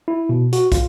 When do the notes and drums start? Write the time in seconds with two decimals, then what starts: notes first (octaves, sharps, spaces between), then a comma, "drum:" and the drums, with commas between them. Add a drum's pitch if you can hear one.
0.08 E4
0.29 B2
0.53 F#4, drum: hi-hat
0.72 F4, drum: kick, hi-hat